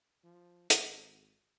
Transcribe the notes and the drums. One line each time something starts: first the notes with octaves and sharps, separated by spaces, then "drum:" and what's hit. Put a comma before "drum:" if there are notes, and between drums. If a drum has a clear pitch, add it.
F3
G#1, drum: hi-hat